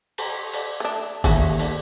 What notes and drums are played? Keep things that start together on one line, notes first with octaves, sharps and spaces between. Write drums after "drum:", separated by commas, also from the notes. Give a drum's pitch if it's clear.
drum: cymbal
drum: cymbal
A3 D4
D#2 C#3 A3 F#4, drum: kick, cymbal
drum: cymbal